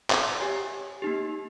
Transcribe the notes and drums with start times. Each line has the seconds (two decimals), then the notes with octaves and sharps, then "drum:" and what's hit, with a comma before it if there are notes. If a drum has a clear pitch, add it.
0.10 drum: clap
0.40 G4 C#5 G#5
1.02 A#3 D#4 G4